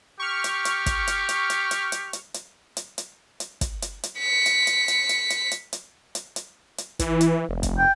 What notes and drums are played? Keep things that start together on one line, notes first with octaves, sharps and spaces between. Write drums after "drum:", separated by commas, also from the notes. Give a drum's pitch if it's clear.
G4 C#6 F6
drum: hi-hat
drum: hi-hat
drum: kick, hi-hat
drum: hi-hat
drum: hi-hat
drum: hi-hat
drum: hi-hat
drum: hi-hat
drum: hi-hat
drum: hi-hat
drum: hi-hat
drum: hi-hat
drum: hi-hat
drum: kick, hi-hat
drum: hi-hat
drum: hi-hat
B6 C#7
drum: hi-hat
drum: hi-hat
drum: hi-hat
drum: hi-hat
drum: hi-hat
drum: hi-hat
drum: hi-hat
drum: hi-hat
drum: hi-hat
drum: hi-hat
E3, drum: kick, hi-hat
drum: hi-hat
F1
drum: kick, hi-hat
G5